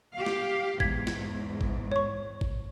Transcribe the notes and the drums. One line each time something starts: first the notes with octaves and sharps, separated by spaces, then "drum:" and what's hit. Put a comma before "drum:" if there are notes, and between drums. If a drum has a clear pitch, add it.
G4 F5
drum: snare
E2 G#2 G#6 B6, drum: kick G#1
drum: snare
drum: kick G#1
C#5 C#6
drum: kick G#1